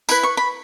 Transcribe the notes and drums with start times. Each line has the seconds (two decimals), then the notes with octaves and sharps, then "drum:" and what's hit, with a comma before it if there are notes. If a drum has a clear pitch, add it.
0.09 E4 B4 B5, drum: tambourine
0.23 C#6
0.37 B5